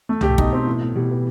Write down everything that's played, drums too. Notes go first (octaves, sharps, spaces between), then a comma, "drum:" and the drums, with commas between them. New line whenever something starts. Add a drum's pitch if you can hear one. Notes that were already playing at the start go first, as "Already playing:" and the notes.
A3
C#3 G4, drum: tom
C3
B2 D#4, drum: kick
C4
A2
A2
B2 G3
E3